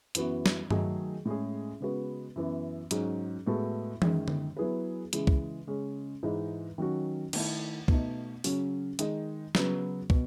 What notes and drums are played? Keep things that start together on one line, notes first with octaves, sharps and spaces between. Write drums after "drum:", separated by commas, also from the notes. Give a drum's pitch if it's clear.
F#2 E3 B3 F#4, drum: hi-hat
drum: snare
D#3 F#3 A3 D#4 G#4, drum: tom G2
A2 G#3 C#4 G#4
C#3 G#3 B3 F#4 B4
F#2 E3 B3
G#2 F#3 C#4 G#4, drum: hi-hat
A2 G#3 B3 F#4 A4
F#2 D#3 G#3, drum: tom E3
drum: tom D3
F#3 B3 E4 G#4 B4
C#3 E3 G#3, drum: hi-hat
drum: kick
C#3 G#3 C#4
G#2 E3 G#3 D#4
D#3 F#3 C#4 F#4
D#3 A3 E4, drum: cymbal
B2 A3 D#4, drum: kick
C#3 F#3 C#4 F#4, drum: open hi-hat
D#3 G#3 D#4, drum: hi-hat
C#3 F#3 B3 F#4 B4, drum: snare
B2, drum: kick